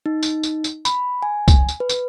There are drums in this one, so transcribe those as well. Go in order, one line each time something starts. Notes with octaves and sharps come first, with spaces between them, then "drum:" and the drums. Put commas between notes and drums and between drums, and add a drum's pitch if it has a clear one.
D#4
drum: tambourine
drum: tambourine
drum: tambourine
B5, drum: tambourine
G#5
drum: kick C2, tambourine
drum: tambourine
B4
drum: tambourine